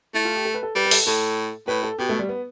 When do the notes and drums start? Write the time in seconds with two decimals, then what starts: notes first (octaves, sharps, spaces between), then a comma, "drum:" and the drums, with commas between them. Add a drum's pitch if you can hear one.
0.14 A3 E4
0.25 F4
0.35 G4
0.45 A4
0.54 B4
0.63 A4
0.75 G3 B4
0.86 B4
0.91 A4, drum: open hi-hat
1.07 A2 A4
1.68 A2 B4
1.83 A4
1.99 B2 G4
2.09 A3
2.19 G3
2.29 B3